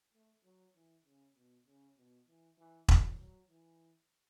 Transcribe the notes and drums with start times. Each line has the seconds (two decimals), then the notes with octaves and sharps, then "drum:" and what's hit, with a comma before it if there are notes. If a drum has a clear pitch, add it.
0.14 A3
0.44 F#3
0.75 E3
1.05 C#3
1.36 B2
1.66 C#3
1.97 B2
2.27 E3
2.58 E3
2.88 F#3, drum: kick E1
3.19 F#3
3.49 E3